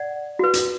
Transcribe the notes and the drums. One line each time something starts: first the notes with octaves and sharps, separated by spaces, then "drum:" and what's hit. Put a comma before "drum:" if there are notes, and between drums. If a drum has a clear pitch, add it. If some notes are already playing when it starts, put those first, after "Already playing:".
Already playing: D5 F#5
F#4 B4
drum: hi-hat